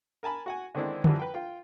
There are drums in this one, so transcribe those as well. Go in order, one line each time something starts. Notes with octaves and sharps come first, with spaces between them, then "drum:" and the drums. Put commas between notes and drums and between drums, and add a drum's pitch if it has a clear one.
A#4 G#5 A5 B5
F#4 F#5 G#5
D3 D#3 G#3 C4 D4 E4
F#2 E3 F3 G3, drum: tom D3
B4 G5
F4 G5